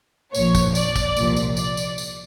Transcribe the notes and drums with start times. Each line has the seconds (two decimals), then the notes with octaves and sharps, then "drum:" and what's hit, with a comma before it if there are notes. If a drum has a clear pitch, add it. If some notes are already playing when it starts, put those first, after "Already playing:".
0.34 A#1 A#2 F3 C#5, drum: tambourine
0.55 drum: kick, tambourine
0.75 D5, drum: tambourine
0.96 drum: kick, tambourine
1.17 C2 A#2 F3, drum: tambourine
1.36 drum: tambourine
1.57 D5, drum: tambourine
1.77 drum: tambourine
1.98 drum: tambourine